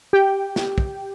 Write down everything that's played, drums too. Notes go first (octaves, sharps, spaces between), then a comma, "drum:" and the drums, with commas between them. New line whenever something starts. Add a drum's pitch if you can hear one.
G4 G5
drum: snare
drum: kick